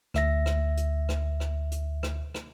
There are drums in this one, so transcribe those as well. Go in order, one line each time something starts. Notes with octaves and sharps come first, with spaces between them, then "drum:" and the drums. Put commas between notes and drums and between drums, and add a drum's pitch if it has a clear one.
D2 E5 A#6, drum: rim click
drum: rim click
drum: hi-hat
drum: rim click
drum: rim click
drum: hi-hat
drum: rim click
drum: rim click